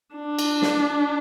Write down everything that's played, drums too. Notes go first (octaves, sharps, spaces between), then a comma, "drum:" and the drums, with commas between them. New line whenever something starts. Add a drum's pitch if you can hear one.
D4
drum: cymbal
drum: snare